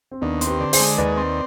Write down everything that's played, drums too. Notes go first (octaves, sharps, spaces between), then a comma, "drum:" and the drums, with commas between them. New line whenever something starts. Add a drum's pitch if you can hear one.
C4
D#2 B3 D4
C4, drum: hi-hat
G4 B4
D3
G#4 C5, drum: open hi-hat
G#3
D#2 B4 D5
C4